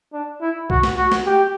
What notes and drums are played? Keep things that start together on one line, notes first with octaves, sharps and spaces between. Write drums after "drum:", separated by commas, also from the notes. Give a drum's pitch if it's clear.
D4
E4
F#4, drum: kick C2
drum: snare
F#4
drum: snare
G4